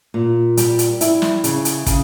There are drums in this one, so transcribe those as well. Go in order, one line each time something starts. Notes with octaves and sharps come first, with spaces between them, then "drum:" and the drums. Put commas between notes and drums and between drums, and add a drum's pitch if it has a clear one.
A#2
G3, drum: hi-hat
drum: hi-hat
E4, drum: hi-hat
drum: snare
C#3, drum: hi-hat
drum: hi-hat
C#3, drum: kick, hi-hat